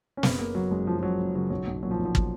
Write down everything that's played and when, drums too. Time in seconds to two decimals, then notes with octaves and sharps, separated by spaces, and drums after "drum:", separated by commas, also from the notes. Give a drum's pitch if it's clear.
0.17 C#4
0.23 F#1 B3, drum: snare
0.39 C#3 A#3
0.55 C#3 F#3
0.71 F#1 G#3
0.87 F#1 F3
0.99 F3
1.03 F#1 F#3
1.20 F#1
1.35 C#3 F#3
1.50 B1 F#3
1.67 B1
1.83 A#2 F#3
1.91 F3
1.99 B1
2.05 F3
2.15 drum: kick